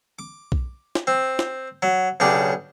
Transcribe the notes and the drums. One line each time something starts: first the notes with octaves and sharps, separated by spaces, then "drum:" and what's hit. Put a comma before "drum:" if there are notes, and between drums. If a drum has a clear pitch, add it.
D6
drum: kick B1
drum: snare
C4
drum: snare
F#3
B1 C#3 D4 G4